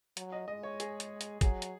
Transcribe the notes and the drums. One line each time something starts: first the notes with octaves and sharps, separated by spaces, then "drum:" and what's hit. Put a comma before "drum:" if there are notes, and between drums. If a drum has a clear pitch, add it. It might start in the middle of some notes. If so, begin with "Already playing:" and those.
F#3, drum: hi-hat
D#5
G#3 D#5
C#5
G#4, drum: hi-hat
drum: hi-hat
drum: hi-hat
F#3 G#4, drum: kick, hi-hat
drum: hi-hat